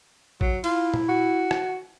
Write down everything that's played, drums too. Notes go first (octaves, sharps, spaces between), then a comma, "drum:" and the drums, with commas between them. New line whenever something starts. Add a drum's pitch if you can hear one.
F#3, drum: kick
E4 F4, drum: cymbal
drum: tom A#2
F#4
drum: rim click